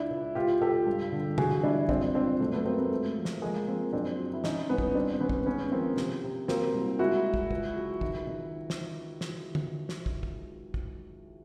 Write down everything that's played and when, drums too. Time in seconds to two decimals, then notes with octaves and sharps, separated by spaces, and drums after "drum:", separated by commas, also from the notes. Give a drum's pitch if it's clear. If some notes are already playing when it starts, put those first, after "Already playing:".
Already playing: C#2 D4 E4
0.10 C#2
0.35 C#2 F4 G4
0.61 C#2 G4 A4
0.87 G2
1.12 D3
1.38 E3 F#4 G#4, drum: tom
1.63 G2 D4 E4
1.89 C#2 C4 D4, drum: kick
2.15 C#2 C4 D4
2.40 F#2 A3
2.53 A3 B3
2.66 F#3 A#3 C4
2.78 A3 B3
2.91 G#3 A3
3.16 F3
3.25 drum: snare
3.42 F3 G#3 A#3
3.67 F3 A#3 C4
3.93 F#2 C4 D4
4.18 F#3
4.34 E4
4.44 D#3 C#4 D#4, drum: snare
4.69 C2 B3 C#4
4.78 drum: kick
4.95 G2 C4 D4
5.20 D#3 B3 C#4
5.29 drum: kick
5.46 G#3 B3 C#4
5.72 F3 A#3 C4
5.97 C3, drum: snare
6.23 C3
6.48 F#3 A#3 C4, drum: snare
6.74 C2
6.99 G#3 E4 F#4
7.25 G#3
7.34 drum: kick
7.51 C#2, drum: kick
7.76 F#3
8.01 D#3, drum: kick
8.27 D#3
8.70 drum: snare
9.21 drum: snare
9.55 drum: tom
9.89 drum: snare
10.06 drum: kick
10.23 drum: kick
10.74 drum: kick